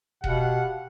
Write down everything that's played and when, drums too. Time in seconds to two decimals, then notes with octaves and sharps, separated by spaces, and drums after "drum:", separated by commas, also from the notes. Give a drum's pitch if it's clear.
0.24 B2 G4 F5 F#5, drum: kick D#1